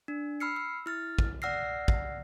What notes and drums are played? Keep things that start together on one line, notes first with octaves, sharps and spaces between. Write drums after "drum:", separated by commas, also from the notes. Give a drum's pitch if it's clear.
D4
B5 E6 F6 C7 C#7
E6
E4 F6 A6
drum: kick
D5 F#5 E6 F6 A#6 C7
drum: kick